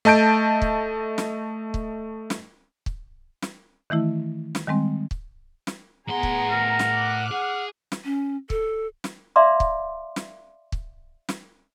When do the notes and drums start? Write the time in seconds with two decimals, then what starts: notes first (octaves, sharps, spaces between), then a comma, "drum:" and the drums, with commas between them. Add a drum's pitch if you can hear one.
0.05 A3 D#5 A5 G6 D7
0.62 drum: kick
1.18 drum: snare
1.74 drum: kick
2.30 drum: snare
2.86 drum: kick
3.42 drum: snare
3.90 D#3 E3 A3 E4
4.55 drum: snare
4.67 D#3 G3 G#3 C4
5.11 drum: kick
5.67 drum: snare
6.09 A2 B3 G#4 F#5 A#5 C6
6.23 drum: kick
6.51 A#4
6.79 drum: snare
6.92 D6 F6 F#6
7.31 G#4 F#5
7.92 drum: snare
8.05 C#4
8.50 A4, drum: kick
9.04 drum: snare
9.36 D5 E5 F5 A#5 C6 D6
9.60 drum: kick
10.16 drum: snare
10.72 drum: kick
11.29 drum: snare